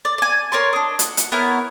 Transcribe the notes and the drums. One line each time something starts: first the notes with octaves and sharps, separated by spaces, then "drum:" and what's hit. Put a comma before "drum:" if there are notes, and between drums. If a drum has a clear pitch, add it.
D5
D5 G#5
A#4 C#5 D5 C6
D4 D#5
F#5, drum: hi-hat
drum: hi-hat
B3 E4 A#4 C#5